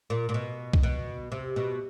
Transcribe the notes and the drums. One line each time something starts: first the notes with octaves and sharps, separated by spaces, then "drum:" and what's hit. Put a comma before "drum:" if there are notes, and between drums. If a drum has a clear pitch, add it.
A#2
A#2
B2
drum: kick B1
B2
C3
B2